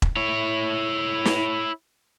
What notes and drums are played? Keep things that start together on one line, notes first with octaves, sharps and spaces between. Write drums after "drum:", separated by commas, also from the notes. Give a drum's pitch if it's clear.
drum: kick E1
E4 C#5
drum: snare